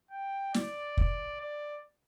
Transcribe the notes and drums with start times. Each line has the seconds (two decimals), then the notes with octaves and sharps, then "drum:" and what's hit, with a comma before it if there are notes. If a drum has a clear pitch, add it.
0.11 G5
0.54 D5, drum: snare
0.97 drum: kick
1.41 D5